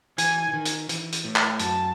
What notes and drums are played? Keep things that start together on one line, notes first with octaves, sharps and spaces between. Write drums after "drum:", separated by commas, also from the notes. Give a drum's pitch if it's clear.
E3 G#5, drum: hi-hat
E3
D#3
drum: hi-hat
E3, drum: hi-hat
drum: hi-hat
A2
drum: clap
F#2 A5, drum: hi-hat